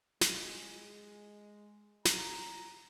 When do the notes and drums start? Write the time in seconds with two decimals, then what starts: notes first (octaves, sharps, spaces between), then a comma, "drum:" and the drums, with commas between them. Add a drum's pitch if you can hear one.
0.21 G#3, drum: snare
2.05 A#5, drum: snare